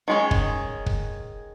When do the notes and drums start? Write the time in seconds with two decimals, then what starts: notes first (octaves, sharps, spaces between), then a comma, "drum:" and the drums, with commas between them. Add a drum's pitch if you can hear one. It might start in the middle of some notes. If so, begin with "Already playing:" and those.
0.08 D#3 G#3 C#4
0.31 drum: kick
0.86 drum: kick